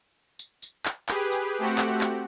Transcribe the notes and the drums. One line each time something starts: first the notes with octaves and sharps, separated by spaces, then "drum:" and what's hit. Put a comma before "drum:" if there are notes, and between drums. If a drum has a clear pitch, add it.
drum: tambourine
drum: tambourine
drum: clap
G4 G#4 B4, drum: clap
drum: tambourine
A3 C4 F#4 G4 F#5
drum: clap
drum: clap